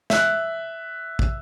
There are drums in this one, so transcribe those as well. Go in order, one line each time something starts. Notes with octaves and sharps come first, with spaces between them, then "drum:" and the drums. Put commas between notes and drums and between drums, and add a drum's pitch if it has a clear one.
E5 F#6, drum: snare
drum: kick